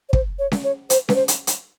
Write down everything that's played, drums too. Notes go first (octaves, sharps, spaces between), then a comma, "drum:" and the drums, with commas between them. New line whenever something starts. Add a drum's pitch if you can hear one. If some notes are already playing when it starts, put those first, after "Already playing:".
C#5
C5, drum: kick
C#5
drum: snare C#4
C#5
C5, drum: hi-hat
B4, drum: snare C#4
C5
drum: hi-hat
drum: hi-hat